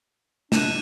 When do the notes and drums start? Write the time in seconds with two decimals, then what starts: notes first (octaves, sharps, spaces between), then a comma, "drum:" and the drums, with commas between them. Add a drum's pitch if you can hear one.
0.52 D4 F#6 D#7 E7, drum: snare